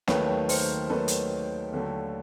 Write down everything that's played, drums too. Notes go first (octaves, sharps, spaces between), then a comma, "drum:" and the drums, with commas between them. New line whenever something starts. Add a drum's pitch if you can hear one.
D#2 D#3 F#3 A3 B4 C#5, drum: snare
A#4 C5, drum: open hi-hat
D#2 D#3 F#3 A3 A4 B4
drum: hi-hat
D#2 D3 F#3 A3